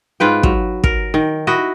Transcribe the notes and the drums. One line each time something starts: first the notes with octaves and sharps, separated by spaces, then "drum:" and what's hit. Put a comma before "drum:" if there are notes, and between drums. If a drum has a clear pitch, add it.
G#2 F4 B4 G5
F#3, drum: kick
A#4, drum: kick
D#3
E4 F#4 D#5